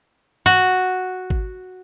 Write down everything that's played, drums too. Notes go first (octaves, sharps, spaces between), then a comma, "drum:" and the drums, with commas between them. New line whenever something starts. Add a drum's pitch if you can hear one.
F#4, drum: tom G2
drum: kick G#1